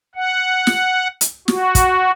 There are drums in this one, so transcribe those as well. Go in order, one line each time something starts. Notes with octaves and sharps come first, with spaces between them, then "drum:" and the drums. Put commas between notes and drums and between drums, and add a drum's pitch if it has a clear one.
F#5
drum: snare
drum: hi-hat
F#4, drum: snare
drum: kick, hi-hat